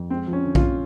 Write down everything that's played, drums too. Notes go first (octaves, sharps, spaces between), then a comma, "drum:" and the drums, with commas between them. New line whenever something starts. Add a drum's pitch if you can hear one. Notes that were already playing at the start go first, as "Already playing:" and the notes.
Already playing: F2
G#3 C4
F3
C#4
D3
F4, drum: kick A#1